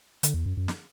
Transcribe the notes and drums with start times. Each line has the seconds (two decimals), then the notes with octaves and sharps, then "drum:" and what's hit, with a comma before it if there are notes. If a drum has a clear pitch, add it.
0.23 D3, drum: hi-hat
0.34 E2
0.46 F#2
0.57 F#2
0.68 drum: snare